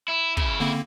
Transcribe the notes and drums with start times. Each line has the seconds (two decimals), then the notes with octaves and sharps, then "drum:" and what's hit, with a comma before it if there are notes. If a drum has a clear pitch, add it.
0.08 E4
0.37 C#3 E4, drum: kick
0.60 D3 A#3 C4